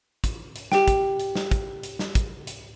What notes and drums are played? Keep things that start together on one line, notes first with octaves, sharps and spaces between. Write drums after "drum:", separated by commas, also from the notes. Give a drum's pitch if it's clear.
drum: kick, hi-hat
drum: hi-hat
G4 G5, drum: snare
drum: kick, hi-hat
drum: hi-hat
drum: snare
drum: kick, hi-hat
drum: hi-hat
drum: snare
drum: kick, hi-hat
drum: hi-hat